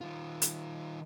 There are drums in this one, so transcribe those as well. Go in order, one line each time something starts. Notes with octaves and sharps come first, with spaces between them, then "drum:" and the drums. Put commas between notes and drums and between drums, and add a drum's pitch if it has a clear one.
D#3 F4
drum: hi-hat